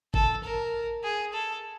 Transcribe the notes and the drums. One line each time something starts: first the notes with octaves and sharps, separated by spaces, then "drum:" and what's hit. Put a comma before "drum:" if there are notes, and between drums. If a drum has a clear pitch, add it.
A4, drum: kick G#1
A#4
G#4
A4